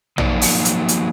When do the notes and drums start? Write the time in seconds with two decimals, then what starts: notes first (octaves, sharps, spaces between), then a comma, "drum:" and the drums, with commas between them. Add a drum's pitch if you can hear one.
0.18 F3 F#3 A#3 D#4 D5, drum: tom A#1
0.41 drum: open hi-hat
0.65 drum: hi-hat
0.88 drum: hi-hat